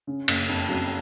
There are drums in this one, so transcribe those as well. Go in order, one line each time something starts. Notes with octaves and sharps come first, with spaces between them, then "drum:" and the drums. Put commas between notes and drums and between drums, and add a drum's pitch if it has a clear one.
C#3
F#1, drum: cymbal
F2
F#3